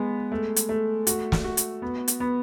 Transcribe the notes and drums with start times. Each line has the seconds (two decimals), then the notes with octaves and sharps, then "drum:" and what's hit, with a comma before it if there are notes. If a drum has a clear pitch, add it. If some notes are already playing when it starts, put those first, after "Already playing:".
Already playing: G#3 B3
0.32 A3
0.56 drum: hi-hat
0.69 A3
1.07 F#4, drum: hi-hat
1.32 drum: snare
1.44 F#4
1.57 drum: hi-hat
1.82 B3
2.08 drum: hi-hat
2.20 B3